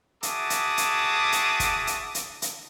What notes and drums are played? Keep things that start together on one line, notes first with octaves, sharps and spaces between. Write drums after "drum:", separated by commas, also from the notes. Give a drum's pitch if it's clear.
F#4 G#4 E5 A5 D6 D#6, drum: hi-hat
drum: hi-hat
drum: hi-hat
drum: hi-hat
drum: kick, hi-hat
drum: hi-hat
drum: hi-hat
drum: hi-hat